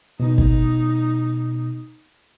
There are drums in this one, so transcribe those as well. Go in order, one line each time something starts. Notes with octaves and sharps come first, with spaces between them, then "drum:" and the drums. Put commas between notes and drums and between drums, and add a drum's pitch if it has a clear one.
B2 D#4
drum: kick